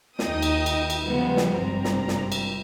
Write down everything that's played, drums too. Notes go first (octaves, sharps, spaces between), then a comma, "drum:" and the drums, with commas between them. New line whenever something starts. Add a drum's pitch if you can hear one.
D#2 D#4 D#5 G5 D#6, drum: snare
drum: cymbal
drum: cymbal
drum: cymbal
C#3 F3 G3 G#3 B3
drum: snare
G#1 G2 C3 C4 A#5
drum: snare
drum: snare
drum: cymbal